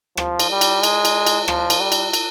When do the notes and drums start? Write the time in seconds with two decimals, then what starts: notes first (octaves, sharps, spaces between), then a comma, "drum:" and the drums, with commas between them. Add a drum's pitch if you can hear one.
0.17 F3, drum: rim click
0.40 drum: cymbal
0.51 G3
0.61 drum: cymbal
0.83 G#3, drum: cymbal
1.05 drum: cymbal
1.26 drum: cymbal
1.48 F3, drum: rim click
1.70 drum: cymbal
1.80 G3
1.92 drum: cymbal
2.13 drum: cymbal